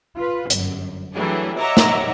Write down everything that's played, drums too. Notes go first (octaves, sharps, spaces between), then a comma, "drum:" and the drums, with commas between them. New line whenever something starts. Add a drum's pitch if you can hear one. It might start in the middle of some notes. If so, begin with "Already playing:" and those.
F4 B4
G1 F#2, drum: hi-hat
E3 F#3 G3 A3 D4 G#4
C#5 D#5 E5 F#5 A#5 D6
drum: snare